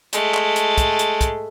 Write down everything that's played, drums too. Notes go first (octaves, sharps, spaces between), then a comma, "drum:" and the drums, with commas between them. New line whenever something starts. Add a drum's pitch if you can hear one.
G#3 A3, drum: hi-hat
drum: clap
drum: hi-hat
drum: kick, hi-hat
drum: hi-hat
drum: kick, hi-hat